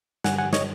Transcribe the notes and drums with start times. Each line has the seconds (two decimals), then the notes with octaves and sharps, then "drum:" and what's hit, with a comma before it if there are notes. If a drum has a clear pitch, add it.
0.24 G2 D3 G3 F#5 G#5, drum: snare
0.38 F#5 G#5
0.53 C#5 D#5, drum: snare